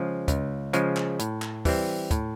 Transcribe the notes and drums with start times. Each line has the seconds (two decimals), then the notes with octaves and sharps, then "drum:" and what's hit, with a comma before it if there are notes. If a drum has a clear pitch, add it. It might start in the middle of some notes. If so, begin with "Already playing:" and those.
Already playing: C#3 F3 G#3
0.28 C#2, drum: kick, hi-hat
0.73 C#3 F3 G#3, drum: hi-hat
0.97 drum: clap
1.19 A2, drum: hi-hat
1.42 drum: clap
1.65 E3 G3 C4, drum: kick, open hi-hat
2.11 A2, drum: kick, hi-hat